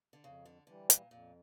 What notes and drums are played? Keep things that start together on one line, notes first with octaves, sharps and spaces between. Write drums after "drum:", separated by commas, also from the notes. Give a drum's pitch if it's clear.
D3
F2 C#3
D3
D3 E3 G3
A#2, drum: hi-hat
F2 A#2